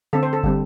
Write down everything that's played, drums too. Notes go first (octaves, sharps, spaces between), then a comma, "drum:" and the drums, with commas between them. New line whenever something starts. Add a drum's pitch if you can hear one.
D3 C4 A4
C5
A4
D3 G3 C4, drum: kick